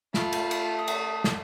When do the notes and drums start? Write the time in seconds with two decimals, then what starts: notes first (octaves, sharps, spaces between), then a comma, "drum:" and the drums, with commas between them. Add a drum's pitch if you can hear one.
0.14 A3 F4 B5, drum: snare
0.33 drum: cymbal
0.51 drum: cymbal
0.78 D#6
0.88 drum: cymbal
1.24 drum: snare